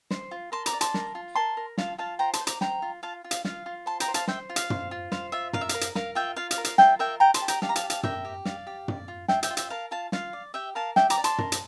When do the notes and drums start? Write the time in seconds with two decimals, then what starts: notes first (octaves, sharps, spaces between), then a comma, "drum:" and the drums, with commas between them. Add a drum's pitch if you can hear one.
0.11 C5, drum: snare
0.31 F4
0.52 A#4 A5 C6
0.66 A#5 D6, drum: hi-hat
0.73 D5
0.81 A5 C6, drum: hi-hat
0.94 A#4, drum: snare
1.15 F4
1.35 A#4 A5 C6
1.57 A#4
1.78 F4 F5 A5, drum: snare
1.98 F4 F5 A5
2.19 C5 G5 A#5
2.33 A5 C6, drum: hi-hat
2.41 C5
2.47 A#5 D6, drum: hi-hat
2.61 C5 G5 A#5, drum: snare
2.82 F4
3.03 F4 F5 A5
3.24 F4
3.31 F5, drum: hi-hat
3.45 F4 F5, drum: snare
3.66 F4
3.86 C5 A5 C6
4.00 G5 A#5, drum: hi-hat
4.08 C5
4.14 F5 A5, drum: hi-hat
4.28 C5 E5 G5, drum: snare
4.50 F4
4.56 F5, drum: hi-hat
4.70 C5, drum: tom
4.91 F4
5.12 C5 F5, drum: snare
5.32 F4 E5
5.53 A#4 F5, drum: tom
5.61 E5
5.69 A#4 F5, drum: hi-hat
5.81 drum: hi-hat
5.95 A#4 F5, drum: snare
6.15 F4 E5 G5
6.36 F4 F5
6.51 F5, drum: hi-hat
6.58 A#4
6.64 F5, drum: hi-hat
6.78 F4 E5 G5, drum: snare
6.99 A#4 E5 G5
7.20 A#4 G5 A#5
7.34 A5 C6, drum: hi-hat
7.42 G4
7.48 G5 A#5, drum: hi-hat
7.62 G4 F5 A5, drum: snare
7.69 A#5
7.76 F5 A5, drum: hi-hat
7.83 G4
7.90 F5 A5, drum: hi-hat
8.03 A#4 E5 G5, drum: tom
8.25 G4
8.45 D5 F5, drum: snare
8.67 G4
8.88 D5, drum: tom
9.08 F4
9.28 F4 E5 G5, drum: snare
9.43 E5 G5, drum: hi-hat
9.50 F4
9.57 E5 G5, drum: hi-hat
9.70 A#4 F5 A5
9.91 F4 F5 A5
10.12 F4 F5, drum: snare
10.33 D5
10.54 G4 E5 G5
10.75 A#4 F5 A5
10.96 G4 E5 G5, drum: snare
11.10 A#5 D6, drum: hi-hat
11.17 D5
11.24 A5 C6, drum: hi-hat
11.38 A#4, drum: tom
11.52 drum: hi-hat